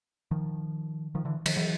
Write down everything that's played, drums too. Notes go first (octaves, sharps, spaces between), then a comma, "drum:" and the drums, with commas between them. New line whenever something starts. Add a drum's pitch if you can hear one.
D#3 F3
D#3 F3
D3 E3
D#3 F3, drum: cymbal
E3 F#3